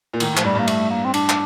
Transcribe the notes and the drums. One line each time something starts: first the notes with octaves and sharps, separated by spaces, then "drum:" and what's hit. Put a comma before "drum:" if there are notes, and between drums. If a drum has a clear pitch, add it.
A#2
A2 D#3, drum: cymbal
A2
F3, drum: clap
G2 G3
G2 A#3
A3, drum: cymbal
A#3
C4
D4, drum: cymbal
drum: clap